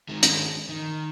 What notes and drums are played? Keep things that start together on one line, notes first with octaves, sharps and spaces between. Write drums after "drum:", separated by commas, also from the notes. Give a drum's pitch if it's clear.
D#3 G#3
drum: hi-hat
D#3